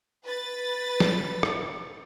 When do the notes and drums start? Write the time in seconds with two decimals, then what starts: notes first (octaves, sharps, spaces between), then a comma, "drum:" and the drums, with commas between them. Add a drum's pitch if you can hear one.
0.24 B4 A6
1.00 drum: snare
1.43 drum: rim click